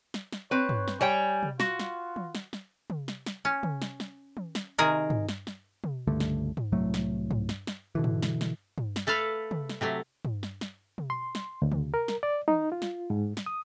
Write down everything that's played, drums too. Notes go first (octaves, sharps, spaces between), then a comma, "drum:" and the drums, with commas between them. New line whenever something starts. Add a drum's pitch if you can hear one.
drum: snare
drum: snare
C4 B4 C#5
drum: tom
drum: snare
G3 C#5 G5 G#5
drum: tom
F4 F#4, drum: snare
drum: snare
drum: tom
drum: snare
drum: snare
drum: tom
drum: snare
drum: snare
C#4
drum: tom
drum: snare
drum: snare
drum: tom
drum: snare
C3 D#3 G#4 A#4
drum: tom
drum: snare
drum: snare
drum: tom
C#2 G2 D3 A3
drum: snare
drum: tom
C2 A2 F#3 A3
drum: snare
drum: tom
drum: snare
drum: snare
B2 D3 E3
drum: tom
drum: snare
drum: snare
drum: tom
drum: snare
A3 A4 B4 F5
drum: tom
drum: snare
C3 F#3 A3
drum: tom
drum: snare
drum: snare
drum: tom
C6
drum: snare
D2
drum: tom
A#4
drum: snare
D5
D#4, drum: tom
F4
drum: snare
G#2
drum: snare
D#6